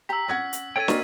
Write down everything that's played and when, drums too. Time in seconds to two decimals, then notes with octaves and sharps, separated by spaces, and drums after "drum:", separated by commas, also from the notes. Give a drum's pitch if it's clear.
0.09 G4 A#5 E6 B6
0.28 C#4 F#5 G#6 A#6
0.53 drum: hi-hat
0.76 A4 C#5 G5 G#6 D#7
0.88 A#3 C4 C#4 F#4 A#4 D5 D#5, drum: snare